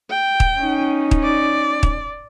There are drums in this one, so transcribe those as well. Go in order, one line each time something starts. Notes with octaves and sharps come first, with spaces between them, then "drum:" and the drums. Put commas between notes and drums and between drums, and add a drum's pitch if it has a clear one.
G5
drum: kick
C#4 D#4
drum: kick
D5
drum: kick